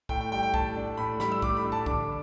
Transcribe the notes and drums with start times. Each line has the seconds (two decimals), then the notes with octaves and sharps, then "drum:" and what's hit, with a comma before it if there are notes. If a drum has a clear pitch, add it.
0.09 A2 G5, drum: kick A#1
0.21 G5
0.32 G3 G5
0.43 G5
0.54 A2 A5, drum: kick A#1
0.76 D4
0.97 A2 B5
1.20 G3 B5, drum: snare
1.32 E6
1.42 A2 D6, drum: kick A#1
1.57 B5
1.64 D4
1.72 A5
1.86 D3 D6, drum: kick A#1